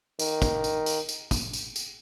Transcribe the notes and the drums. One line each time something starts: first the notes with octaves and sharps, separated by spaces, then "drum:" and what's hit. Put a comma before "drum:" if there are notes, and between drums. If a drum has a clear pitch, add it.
D#3, drum: tambourine
drum: kick, tambourine
drum: tambourine
drum: tambourine
drum: tambourine
drum: kick, tambourine
drum: tambourine
drum: tambourine